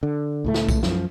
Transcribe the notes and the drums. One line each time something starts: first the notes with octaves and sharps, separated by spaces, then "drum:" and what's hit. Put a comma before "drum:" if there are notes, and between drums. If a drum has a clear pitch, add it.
D3
C#2 A2 A3
drum: snare
drum: kick B1, tambourine
F#2 F3, drum: snare